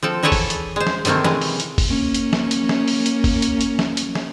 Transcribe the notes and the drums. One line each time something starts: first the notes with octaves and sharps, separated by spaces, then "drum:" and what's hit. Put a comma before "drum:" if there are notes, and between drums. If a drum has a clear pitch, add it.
F3 C4 A4
E3 E4 G#4 A4 C#5 A5
drum: kick, open hi-hat
drum: hi-hat
G#3 C5
drum: snare
C3 D#3 A3 A#3 C4, drum: hi-hat
E3 G#3, drum: snare
drum: open hi-hat
drum: hi-hat
drum: kick, open hi-hat
A#3 C#4
drum: hi-hat
drum: snare
drum: hi-hat
drum: snare
drum: open hi-hat
drum: hi-hat
drum: kick, open hi-hat
drum: hi-hat
drum: hi-hat
drum: snare
drum: hi-hat
drum: snare